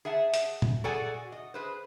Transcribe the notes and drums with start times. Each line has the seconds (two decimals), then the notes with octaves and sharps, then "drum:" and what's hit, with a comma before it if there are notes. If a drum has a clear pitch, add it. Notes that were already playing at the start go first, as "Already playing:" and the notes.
0.05 G#4 E5 F#5 A5
0.34 drum: hi-hat
0.62 drum: tom A#2
0.84 F#4 G#4 A4 D5 F#5 G#5
1.32 D#5
1.54 G#4 B4 C5